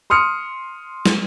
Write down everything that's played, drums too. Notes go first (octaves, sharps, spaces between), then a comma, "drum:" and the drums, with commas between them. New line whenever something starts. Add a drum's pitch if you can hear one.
C6 D#6 F6 C#7
drum: snare